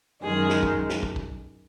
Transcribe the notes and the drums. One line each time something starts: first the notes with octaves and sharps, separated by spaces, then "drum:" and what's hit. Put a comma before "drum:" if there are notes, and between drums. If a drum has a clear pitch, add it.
F#2 D#3 G#3 G#4
drum: snare
drum: kick
drum: snare
drum: kick
drum: kick